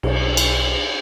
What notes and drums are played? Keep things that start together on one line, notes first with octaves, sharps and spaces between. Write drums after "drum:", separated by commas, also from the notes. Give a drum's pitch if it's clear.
B1, drum: cymbal
drum: cymbal